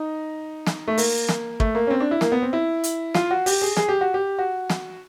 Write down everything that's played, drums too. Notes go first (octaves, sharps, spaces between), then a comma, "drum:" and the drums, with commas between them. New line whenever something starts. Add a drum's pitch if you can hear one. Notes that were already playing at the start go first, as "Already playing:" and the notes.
Already playing: D#4
drum: snare
A3
A#3, drum: open hi-hat
drum: snare
A3, drum: kick
A#3
C#4
C4
D4
E4
A#3, drum: snare
B3
C4
E4
drum: hi-hat
F4, drum: snare
F#4
G4, drum: open hi-hat
G#4
G#4, drum: snare
G4
F#4
G4
F#4
drum: snare